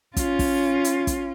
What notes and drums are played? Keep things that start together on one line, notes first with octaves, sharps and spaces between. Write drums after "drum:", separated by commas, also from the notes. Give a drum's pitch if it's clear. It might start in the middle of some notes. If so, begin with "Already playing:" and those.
C#4 F4, drum: kick, hi-hat
drum: kick, open hi-hat
drum: hi-hat
drum: kick, hi-hat